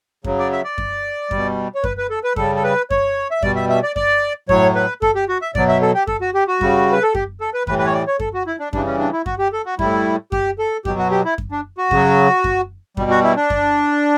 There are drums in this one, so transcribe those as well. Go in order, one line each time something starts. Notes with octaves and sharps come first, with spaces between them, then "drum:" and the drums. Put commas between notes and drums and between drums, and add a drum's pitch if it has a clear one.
C#3 F#3, drum: kick F#2
D5
E5
D5
drum: kick F#2
B2 G3, drum: kick F#2
C#5
B4, drum: kick F#2
B4
A4
B4
C#3 G3 A4, drum: kick F#2
A4
B4
C#5, drum: kick F#2
E5
B2 G3 D5, drum: kick F#2
E5
E5
D5
D5, drum: kick F#2
A2 F#3 C#5, drum: kick F#2
B4
A4, drum: kick F#2
G4
F#4
E5
B2 F#3 D5, drum: kick F#2
E5
A4
G4
A4, drum: kick F#2
F#4
G4
F#4
C#3 G3, drum: kick F#2
B4
A4
G4, drum: kick F#2
A4
B4
A2 E3 G3 B4, drum: kick F#2
B4
C#5
D5
C#5
A4, drum: kick F#2
F#4
E4
D4
C#3 E3 G3 D4, drum: kick F#2
C#4
D4
E4
F#4, drum: kick F#2
G4
A4
F#4
A2 G3 E4, drum: kick F#2
G4, drum: kick F#2
A4
B2 F#3 G4, drum: kick F#2
F#4
G4
E4
drum: kick F#2
D4
F#4
C#3 F#3, drum: kick F#2
drum: kick F#2
B2 G3, drum: kick F#2
F#4
E4
D4
drum: kick F#2